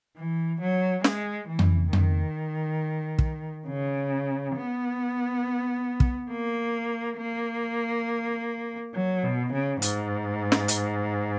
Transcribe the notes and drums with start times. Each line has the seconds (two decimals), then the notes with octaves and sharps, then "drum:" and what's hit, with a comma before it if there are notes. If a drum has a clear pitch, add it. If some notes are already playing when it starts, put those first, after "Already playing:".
0.17 E3
0.61 F#3
1.04 G#3, drum: snare
1.48 E3
1.59 drum: tom F2
1.93 D#3, drum: tom F2
3.19 drum: kick
3.68 C#3
4.56 B3
6.00 drum: kick
6.31 A#3
7.18 A#3
8.94 F#3
9.23 B2
9.53 C#3
9.82 G#2, drum: hi-hat
10.52 drum: snare
10.68 drum: hi-hat